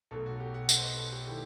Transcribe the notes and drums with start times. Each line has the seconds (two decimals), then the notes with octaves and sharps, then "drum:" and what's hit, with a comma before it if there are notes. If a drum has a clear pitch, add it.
0.11 B1 B2 A3 A4
0.26 F#4
0.40 G4
0.54 F#5
0.69 D#5, drum: tambourine
0.77 C5
0.83 B4
0.97 A4
1.12 G4
1.27 D#3 A3 E4 G4